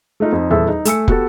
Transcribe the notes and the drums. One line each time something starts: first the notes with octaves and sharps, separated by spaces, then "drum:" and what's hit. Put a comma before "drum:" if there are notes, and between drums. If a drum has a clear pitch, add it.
A3 D#4 F4
F2 D#4
D#1 E2 G#4 A4 E5
D#4
A3 G#5 E6 C#7, drum: hi-hat
B3 F#4 G4 A4, drum: kick